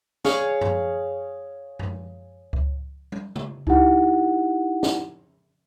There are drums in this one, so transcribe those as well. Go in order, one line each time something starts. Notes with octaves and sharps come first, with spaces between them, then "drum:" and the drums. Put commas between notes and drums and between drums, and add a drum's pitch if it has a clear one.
G#4 C#5 F5, drum: snare
drum: tom F#2
drum: tom F#2
drum: kick C#2
drum: tom G3
drum: tom C#3
D#4 E4 G4 F#5, drum: kick C#2
drum: snare